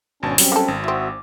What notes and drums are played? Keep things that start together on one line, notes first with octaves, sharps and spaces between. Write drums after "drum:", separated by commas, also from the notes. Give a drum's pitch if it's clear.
G#1 B2 C#4 D4 A5 C#6
F#3 G3 C4 C#4, drum: open hi-hat
A#3 A4
G#1
C4 E4 F#4 E5 D#6
D6